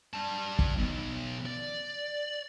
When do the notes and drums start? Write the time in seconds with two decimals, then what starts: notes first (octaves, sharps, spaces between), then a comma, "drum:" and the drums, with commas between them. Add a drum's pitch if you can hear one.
0.14 G3 A5
0.59 drum: kick
0.78 F#3 B3
1.46 D5